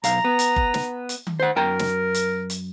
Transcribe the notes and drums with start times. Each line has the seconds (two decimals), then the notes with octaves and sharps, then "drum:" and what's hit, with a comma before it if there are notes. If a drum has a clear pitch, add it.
0.04 B1 F5 A#5, drum: hi-hat
0.24 B3
0.39 drum: hi-hat
0.56 drum: kick F#1
0.74 drum: snare
1.09 drum: hi-hat
1.27 drum: tom D#3
1.40 C5 F#5
1.56 F#2 A#4 G5 A#5
1.79 drum: snare
2.14 drum: hi-hat
2.50 drum: hi-hat